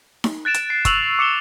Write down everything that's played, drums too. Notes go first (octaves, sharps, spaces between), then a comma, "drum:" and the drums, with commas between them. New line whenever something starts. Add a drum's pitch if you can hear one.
drum: snare D#4
F#6 A6 D7 E7
drum: hi-hat
A6 C7 D7
C#6 E6 F7 F#7, drum: kick, hi-hat
D6 C#7 E7 G7